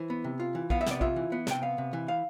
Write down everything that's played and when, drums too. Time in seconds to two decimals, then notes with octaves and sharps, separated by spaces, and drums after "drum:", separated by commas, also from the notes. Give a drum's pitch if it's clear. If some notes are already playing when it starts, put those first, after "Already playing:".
Already playing: E3 C5
0.10 B3
0.24 C3
0.40 F4
0.55 E3
0.70 B3 F5, drum: kick A#1
0.81 E5
0.86 C3 D5, drum: snare
1.01 F4 E5, drum: kick A#1
1.16 E3
1.32 B3
1.47 C3 G5, drum: snare
1.62 B3 F5
1.78 C3
1.93 E3
2.08 F5